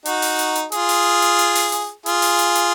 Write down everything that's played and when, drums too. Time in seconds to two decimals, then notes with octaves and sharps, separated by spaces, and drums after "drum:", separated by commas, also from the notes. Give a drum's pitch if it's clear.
0.05 D#4 F#4, drum: hi-hat
0.22 drum: open hi-hat
0.39 drum: hi-hat
0.55 drum: hi-hat
0.72 F4 G#4, drum: hi-hat
0.89 drum: open hi-hat
1.22 drum: hi-hat
1.39 drum: hi-hat
1.55 drum: open hi-hat
1.72 drum: hi-hat
2.06 F4 G#4, drum: hi-hat
2.22 drum: open hi-hat
2.39 drum: hi-hat
2.55 drum: hi-hat